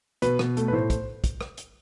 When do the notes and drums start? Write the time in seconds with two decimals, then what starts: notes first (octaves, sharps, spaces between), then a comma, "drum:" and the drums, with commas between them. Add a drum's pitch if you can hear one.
0.22 B2 B4, drum: hi-hat
0.39 B2, drum: rim click
0.57 A3, drum: hi-hat
0.68 B4
0.73 A2 C5
0.90 drum: kick, hi-hat
1.24 drum: kick, hi-hat
1.41 drum: rim click
1.57 drum: hi-hat